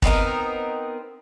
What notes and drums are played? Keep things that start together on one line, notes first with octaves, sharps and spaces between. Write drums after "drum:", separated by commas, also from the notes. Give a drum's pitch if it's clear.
B3 C4 D#4 A#4, drum: kick